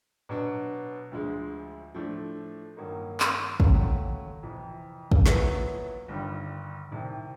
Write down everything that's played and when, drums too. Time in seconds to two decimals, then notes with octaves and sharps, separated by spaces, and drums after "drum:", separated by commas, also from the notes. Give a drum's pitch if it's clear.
0.29 B2 F#3 B3 D4
1.11 D2 D3 F3 G#3
1.94 A2 F3 A3 D4
2.77 G2 D#3 F#3 A#3 D#4
3.20 drum: clap
3.60 D#2 C#3 F#3 A3, drum: kick
4.43 F2 C3 E3
5.12 drum: kick
5.26 A#1 A#2 F#3 B3 E4, drum: snare
6.08 G1 G2 D#3 G3
6.91 C2 C3 D#3